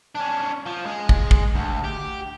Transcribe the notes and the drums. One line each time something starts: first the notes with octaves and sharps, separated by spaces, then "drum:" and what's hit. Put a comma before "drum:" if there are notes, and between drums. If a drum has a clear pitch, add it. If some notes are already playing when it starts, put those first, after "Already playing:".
C#4 D4
F3
G#3
drum: kick
drum: kick
D2
G4